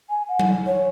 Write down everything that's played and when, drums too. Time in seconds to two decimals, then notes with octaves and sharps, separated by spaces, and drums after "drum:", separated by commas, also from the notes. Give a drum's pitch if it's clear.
0.10 G#5
0.29 F#5
0.39 drum: tom F#3
0.66 C#5